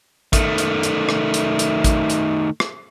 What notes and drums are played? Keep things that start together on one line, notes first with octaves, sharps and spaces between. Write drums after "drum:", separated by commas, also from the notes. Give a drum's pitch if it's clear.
D#3 A3, drum: kick A1, hi-hat
drum: hi-hat
drum: hi-hat
drum: rim click
drum: hi-hat
drum: hi-hat
drum: kick A1, hi-hat
drum: hi-hat
drum: rim click